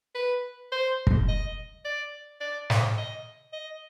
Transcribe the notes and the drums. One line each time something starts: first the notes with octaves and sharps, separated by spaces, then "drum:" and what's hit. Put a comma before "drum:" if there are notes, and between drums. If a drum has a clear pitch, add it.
B4
C5
drum: kick
D#5
D5
D5
drum: snare
D#5
D#5